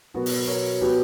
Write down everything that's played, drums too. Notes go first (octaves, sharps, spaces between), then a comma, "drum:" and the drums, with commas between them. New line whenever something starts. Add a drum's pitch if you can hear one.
B2 F#3 B3 F#4 A#4
drum: open hi-hat
A#4 C#5
B2 F#3 B3 G4 B4